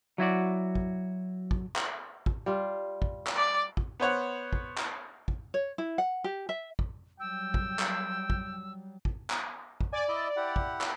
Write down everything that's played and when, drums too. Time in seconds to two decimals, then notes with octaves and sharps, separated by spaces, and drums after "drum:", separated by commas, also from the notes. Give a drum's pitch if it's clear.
0.18 F#3 E4 F#4 D5
0.75 drum: kick
1.51 drum: kick
1.76 drum: clap
2.26 drum: kick
2.46 G3 F4
3.02 drum: kick
3.27 drum: clap
3.36 D5
3.77 drum: kick
4.00 B3 C5 C#5 F#5
4.53 drum: kick
4.78 drum: clap
5.28 drum: kick
5.54 C#5
5.78 E4
5.98 F#5
6.24 G4
6.49 E5
6.79 drum: kick
7.20 F#3 G3 G5 E6
7.54 drum: kick
7.79 drum: clap
8.30 drum: kick
9.05 drum: kick
9.30 drum: clap
9.81 drum: kick
9.93 D5 G#5
10.08 E4 D#5 E5
10.36 E4 G4 F#5
10.56 drum: kick
10.81 drum: clap